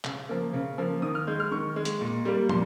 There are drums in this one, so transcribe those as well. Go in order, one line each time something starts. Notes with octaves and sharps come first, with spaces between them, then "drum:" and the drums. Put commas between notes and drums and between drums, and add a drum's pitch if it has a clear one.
C#3, drum: clap
F3 A#3
C#3
F3 A#3
D#3 D#6
F6
G#3 G6
F6
D#3 C#6
G#3
drum: hi-hat
A#2
G3 A#3
A#2 C6, drum: tom